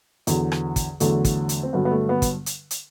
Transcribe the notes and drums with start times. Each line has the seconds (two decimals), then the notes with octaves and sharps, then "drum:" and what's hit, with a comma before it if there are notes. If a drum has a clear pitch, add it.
0.27 E2 D3 F#3, drum: hi-hat
0.52 drum: rim click
0.76 drum: kick, hi-hat
1.00 E2 D3 F#3 A3, drum: hi-hat
1.25 drum: kick, hi-hat
1.49 drum: hi-hat
1.63 C4
1.73 G2 D3 F#3 B3
1.85 B3
1.91 A3
2.09 B3
2.22 drum: kick, hi-hat
2.46 drum: hi-hat
2.71 drum: hi-hat